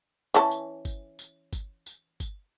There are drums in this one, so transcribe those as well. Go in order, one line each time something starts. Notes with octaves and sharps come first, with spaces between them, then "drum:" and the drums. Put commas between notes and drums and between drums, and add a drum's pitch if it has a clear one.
E3 C#4 A5
drum: tambourine
drum: kick G1, tambourine
drum: tambourine
drum: kick G1, tambourine
drum: tambourine
drum: kick G1, tambourine